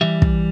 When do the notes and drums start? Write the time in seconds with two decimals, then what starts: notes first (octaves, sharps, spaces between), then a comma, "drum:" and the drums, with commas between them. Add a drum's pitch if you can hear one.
0.01 E3 G3 E5
0.22 drum: kick